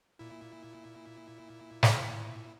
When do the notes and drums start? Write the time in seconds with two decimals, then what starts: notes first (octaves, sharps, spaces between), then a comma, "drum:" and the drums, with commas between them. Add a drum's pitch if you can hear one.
0.19 A#2 E4
1.83 drum: snare